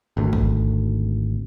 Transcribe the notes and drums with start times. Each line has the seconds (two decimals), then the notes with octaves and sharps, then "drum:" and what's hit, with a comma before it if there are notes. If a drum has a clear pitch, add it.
0.17 G#1 D2
0.33 drum: kick G#1